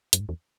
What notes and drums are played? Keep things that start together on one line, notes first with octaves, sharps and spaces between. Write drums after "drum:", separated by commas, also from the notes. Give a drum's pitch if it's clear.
F#2, drum: hi-hat
G#2
E2